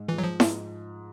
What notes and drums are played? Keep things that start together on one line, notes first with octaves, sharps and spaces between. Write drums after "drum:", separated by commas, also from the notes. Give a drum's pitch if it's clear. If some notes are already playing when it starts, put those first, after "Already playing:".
Already playing: G#2
E3 F3 G#3
F#3
F3
G#2, drum: snare E4